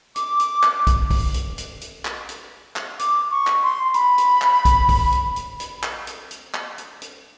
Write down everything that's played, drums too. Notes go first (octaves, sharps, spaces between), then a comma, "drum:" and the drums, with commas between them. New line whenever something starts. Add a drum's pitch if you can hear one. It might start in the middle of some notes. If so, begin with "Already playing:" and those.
D6, drum: hi-hat
drum: hi-hat
drum: clap
drum: kick, hi-hat
drum: kick, open hi-hat
drum: hi-hat
drum: hi-hat
drum: hi-hat
drum: clap
drum: hi-hat
drum: clap
D6, drum: hi-hat
C#6
drum: clap
C6
B5, drum: hi-hat
drum: hi-hat
drum: clap
drum: kick, hi-hat
drum: kick, open hi-hat
drum: hi-hat
drum: hi-hat
drum: hi-hat
drum: clap
drum: hi-hat
drum: hi-hat
drum: clap
drum: hi-hat
drum: hi-hat